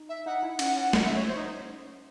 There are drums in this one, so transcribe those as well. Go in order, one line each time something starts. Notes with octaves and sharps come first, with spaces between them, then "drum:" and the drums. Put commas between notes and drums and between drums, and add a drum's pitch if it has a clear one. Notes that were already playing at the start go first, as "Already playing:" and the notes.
Already playing: D#4
E5
D#4 F#5
E4
C#4 F#5, drum: cymbal
C#4 F#5
F#5, drum: snare
E5
C#5
C5
D#4